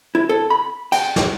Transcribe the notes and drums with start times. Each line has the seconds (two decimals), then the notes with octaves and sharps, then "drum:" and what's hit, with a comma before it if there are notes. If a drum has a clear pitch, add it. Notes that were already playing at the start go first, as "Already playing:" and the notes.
0.15 E4
0.29 A4
0.50 B5
0.92 G5, drum: cymbal
1.16 drum: snare